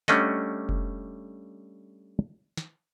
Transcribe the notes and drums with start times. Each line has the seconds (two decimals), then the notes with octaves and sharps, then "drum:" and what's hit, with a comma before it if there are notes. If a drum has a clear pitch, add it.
0.08 G3 A3 C#4 D4 D#5 F#5, drum: snare
0.69 drum: kick F1
2.57 drum: snare